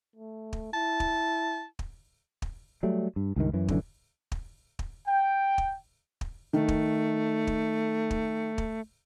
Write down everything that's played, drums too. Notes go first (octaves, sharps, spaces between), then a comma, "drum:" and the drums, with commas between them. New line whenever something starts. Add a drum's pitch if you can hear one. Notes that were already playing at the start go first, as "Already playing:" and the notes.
A3
drum: kick
E4 A5
drum: kick
drum: kick
drum: kick
F#3 G3 A3
G2
C#2 G2 D#3
F#2 E3
F1 F#2 D3 E3, drum: kick
drum: kick
drum: kick
G5
drum: kick
drum: kick
D#3 A3
drum: kick
drum: kick
drum: kick
drum: kick